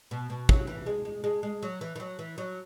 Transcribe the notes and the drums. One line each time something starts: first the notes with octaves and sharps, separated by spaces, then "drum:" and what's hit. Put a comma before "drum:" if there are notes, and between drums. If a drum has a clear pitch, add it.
B2
B2
F#3, drum: kick
E3
G#3
G#3
G#3
G#3
F#3
E3
E3
F#3
E3
F#3